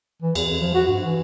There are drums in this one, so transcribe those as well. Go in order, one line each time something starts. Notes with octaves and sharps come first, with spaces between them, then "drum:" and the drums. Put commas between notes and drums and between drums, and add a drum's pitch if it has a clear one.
E3
E2, drum: cymbal
F2
F3
F#4
G2
E3